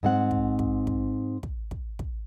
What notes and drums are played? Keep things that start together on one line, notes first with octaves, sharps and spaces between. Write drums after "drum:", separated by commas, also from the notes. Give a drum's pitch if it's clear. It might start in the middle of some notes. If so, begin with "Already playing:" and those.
G#2 C4 F#5
drum: kick
drum: kick
drum: kick
drum: kick
drum: kick
drum: kick